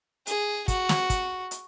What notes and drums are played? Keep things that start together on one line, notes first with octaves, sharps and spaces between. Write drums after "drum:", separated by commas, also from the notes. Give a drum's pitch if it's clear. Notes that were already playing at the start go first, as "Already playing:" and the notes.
G#4, drum: hi-hat
F#4, drum: kick, hi-hat
drum: snare
drum: kick, hi-hat
drum: hi-hat